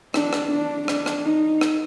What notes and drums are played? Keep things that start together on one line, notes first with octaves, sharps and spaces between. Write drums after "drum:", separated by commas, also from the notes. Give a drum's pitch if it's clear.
D4, drum: rim click
drum: rim click
D4
D4, drum: rim click
drum: rim click
D#4
drum: rim click